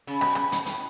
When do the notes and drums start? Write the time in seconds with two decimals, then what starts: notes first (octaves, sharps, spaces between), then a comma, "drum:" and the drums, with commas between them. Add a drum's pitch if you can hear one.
0.07 C#3
0.21 B2, drum: rim click
0.35 C#3, drum: rim click
0.52 B2, drum: hi-hat
0.66 A2, drum: hi-hat